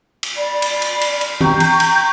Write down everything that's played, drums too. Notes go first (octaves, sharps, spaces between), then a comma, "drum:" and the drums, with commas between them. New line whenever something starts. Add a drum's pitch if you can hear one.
drum: cymbal
D5 B5
drum: cymbal
drum: cymbal
drum: cymbal
drum: cymbal
G5 A#5 C#6 G6, drum: tom
drum: cymbal
drum: cymbal